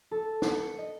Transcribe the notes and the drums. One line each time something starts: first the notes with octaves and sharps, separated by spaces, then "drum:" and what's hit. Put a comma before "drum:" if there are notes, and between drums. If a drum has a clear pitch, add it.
A4
drum: snare
C#7
D#5